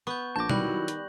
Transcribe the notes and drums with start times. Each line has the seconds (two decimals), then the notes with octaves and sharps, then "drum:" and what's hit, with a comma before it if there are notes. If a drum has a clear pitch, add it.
0.07 B3 C#6 G6
0.36 A#1 A5 D6 G6 A#6
0.49 D#3 F#3 G3 E4 F#4 B5 F#6 F#7, drum: tom B2
0.88 drum: hi-hat